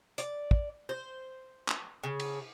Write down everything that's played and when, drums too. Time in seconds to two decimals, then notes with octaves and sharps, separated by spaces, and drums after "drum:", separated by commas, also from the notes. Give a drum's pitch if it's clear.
0.18 D5, drum: hi-hat
0.51 drum: kick
0.89 C5
1.68 drum: clap
2.04 C#3
2.20 drum: cymbal